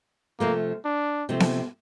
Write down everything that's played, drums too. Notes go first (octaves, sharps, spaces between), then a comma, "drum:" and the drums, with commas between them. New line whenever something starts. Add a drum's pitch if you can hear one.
C3 F3 A3 A#3
D4
C3 F3 A3
drum: snare B3